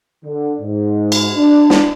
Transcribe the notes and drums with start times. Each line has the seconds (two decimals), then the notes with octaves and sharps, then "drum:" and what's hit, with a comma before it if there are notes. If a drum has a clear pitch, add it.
0.25 D3
0.61 G#2
1.12 drum: cymbal
1.35 D4
1.70 drum: snare